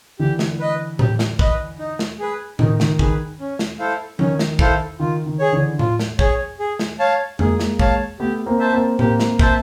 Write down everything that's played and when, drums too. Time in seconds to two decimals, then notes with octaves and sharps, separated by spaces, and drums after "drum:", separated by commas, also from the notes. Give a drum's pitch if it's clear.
0.19 D3 E3 G4
0.39 drum: snare
0.59 B4 D#5
0.99 G4, drum: tom A2
1.19 drum: snare
1.39 B4 D#5, drum: kick
1.79 D#4
1.99 drum: snare
2.19 G#4 B4
2.59 D#3 D#4, drum: tom A2
2.80 D#3, drum: snare
2.99 D#3 G#4 B4, drum: kick
3.40 C#4
3.59 drum: snare
3.79 E4 A4 C5 F5
4.19 D#3 C#4, drum: tom F3
4.39 drum: snare
4.59 E4 A4 C5 F5, drum: kick
4.99 D#3 F4
5.26 D#3
5.39 G#4 C#5
5.53 D3 E3
5.79 F4, drum: tom A2
5.99 drum: snare
6.19 G#4 C#5, drum: kick
6.60 G#4
6.79 drum: snare
6.99 C#5 F5 A5
7.39 G#3 A#3 G#4, drum: tom F2
7.59 drum: snare
7.79 C#5 F5 A5, drum: kick
8.19 A3 B3 G4
8.46 A#3 C4
8.59 C5 E5 A5
8.73 A#3 C4
8.99 A#3 C4 G4, drum: tom A2
9.20 drum: snare
9.39 C5 E5 A5, drum: kick